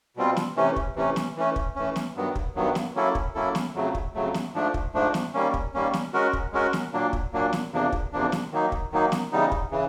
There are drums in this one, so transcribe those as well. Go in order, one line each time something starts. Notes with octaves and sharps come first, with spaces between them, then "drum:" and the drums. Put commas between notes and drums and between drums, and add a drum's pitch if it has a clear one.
B2 G3 C4 F4
drum: snare
C3 E3 A3 C#4
drum: kick
C3 E3 A3 C#4
drum: snare
E3 A3 C#4
drum: kick
E3 A3 C#4
drum: snare
G2 D#3 F#3 B3
drum: kick
G2 D#3 F#3 B3
drum: snare
F#3 A#3 C#4 E4 A4
drum: kick
F#3 A#3 C#4 E4 A4
drum: snare
F2 C#3 F#3 A3
drum: kick
F2 C#3 F#3 A3
drum: snare
G#2 F3 A3 D4
drum: kick
G#2 F3 A3 D4
drum: snare
D#3 G3 A#3 C#4
drum: kick
D#3 G3 A#3 C#4
drum: snare
G#3 C#4 F#4 A#4
drum: kick
G#3 C#4 F#4 A#4
drum: snare
A#2 F#3 A#3 D4
drum: kick
A#2 F#3 A#3 D4
drum: snare
E2 C3 F3 A#3 D4
drum: kick
E2 C3 F3 A#3 D4
drum: snare
D#3 F#3 A#3 D#4
drum: kick
D#3 F#3 A#3 D#4
drum: snare
C#3 E3 G3 B3 D#4
drum: kick
C#3 E3